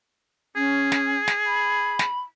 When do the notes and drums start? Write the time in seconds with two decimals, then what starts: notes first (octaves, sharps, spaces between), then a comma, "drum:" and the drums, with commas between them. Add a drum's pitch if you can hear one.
0.56 C#4 G#4
0.92 drum: snare
1.28 drum: snare
1.47 B5
1.99 drum: snare